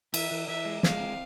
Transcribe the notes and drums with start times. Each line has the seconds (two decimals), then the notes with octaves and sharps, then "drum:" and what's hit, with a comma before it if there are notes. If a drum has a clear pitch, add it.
0.14 E3 E5, drum: cymbal
0.31 E3
0.48 E3 E5
0.65 G#3
0.83 G#3 F5, drum: snare
1.00 C4